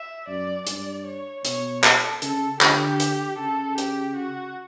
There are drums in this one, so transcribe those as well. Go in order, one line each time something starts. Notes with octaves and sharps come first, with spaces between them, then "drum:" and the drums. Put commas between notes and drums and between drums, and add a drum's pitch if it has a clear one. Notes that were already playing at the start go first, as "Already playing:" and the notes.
Already playing: E5
F#2 D5
G2 D5, drum: hi-hat
C#5
B2 C#5, drum: hi-hat
A4, drum: clap
C#3 A4, drum: hi-hat
D3 G4, drum: clap
drum: hi-hat
C#3 A4
G4, drum: hi-hat
F#4